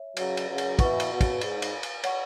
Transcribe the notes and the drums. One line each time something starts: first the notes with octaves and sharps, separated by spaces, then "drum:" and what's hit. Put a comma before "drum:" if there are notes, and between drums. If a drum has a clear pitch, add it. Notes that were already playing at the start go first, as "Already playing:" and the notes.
Already playing: C#5 E5
C#3 F#3, drum: cymbal
drum: cymbal
C#3 F#3
drum: cymbal
B2 E3 B4 F#5 C#6, drum: kick, cymbal
drum: cymbal
B2
drum: kick, cymbal
G#2, drum: cymbal
drum: cymbal
drum: cymbal
C#5 F#5 C#6, drum: cymbal